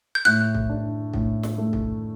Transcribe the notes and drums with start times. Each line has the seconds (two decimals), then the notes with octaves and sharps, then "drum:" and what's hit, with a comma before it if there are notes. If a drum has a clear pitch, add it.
0.15 G6
0.25 A2 F#6
0.55 drum: kick
0.69 D4
1.13 A2, drum: kick
1.43 drum: snare
1.58 A3
1.73 drum: kick